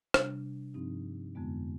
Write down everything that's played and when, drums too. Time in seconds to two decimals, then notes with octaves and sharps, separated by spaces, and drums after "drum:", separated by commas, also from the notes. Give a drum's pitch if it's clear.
0.14 C3 G3 D4, drum: rim click
0.74 G2 F3 C4 D#4
1.35 F2 D3 G#3 B3